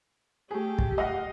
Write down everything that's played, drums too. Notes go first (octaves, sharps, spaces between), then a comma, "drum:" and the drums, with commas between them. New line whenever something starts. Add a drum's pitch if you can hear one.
A3 G4 G#4
drum: kick
D#5 F5 F#5